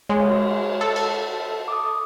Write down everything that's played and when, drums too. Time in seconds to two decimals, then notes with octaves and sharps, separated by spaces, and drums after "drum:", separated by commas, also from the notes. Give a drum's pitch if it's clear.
0.09 G#3 C#5
0.20 drum: cymbal
0.81 A4
0.96 drum: cymbal
1.68 D6 D#6